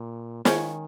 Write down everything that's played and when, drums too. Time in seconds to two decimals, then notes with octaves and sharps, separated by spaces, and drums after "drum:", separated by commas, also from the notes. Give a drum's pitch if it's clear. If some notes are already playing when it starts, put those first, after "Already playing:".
Already playing: A#2
0.45 D#3 G#3 C#4, drum: snare